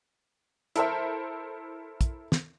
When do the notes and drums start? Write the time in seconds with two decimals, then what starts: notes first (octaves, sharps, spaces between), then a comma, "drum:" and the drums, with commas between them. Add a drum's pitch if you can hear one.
0.76 E4 A4 A#4 C5 E5, drum: hi-hat
2.01 drum: kick, hi-hat
2.32 drum: snare